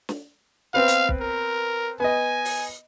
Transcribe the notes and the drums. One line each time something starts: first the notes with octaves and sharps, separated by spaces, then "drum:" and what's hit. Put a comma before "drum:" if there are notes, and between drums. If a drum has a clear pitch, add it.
drum: snare
B3 C4 B4 F5
drum: hi-hat
drum: kick B1
A#4
B3 D#5 G#5
drum: open hi-hat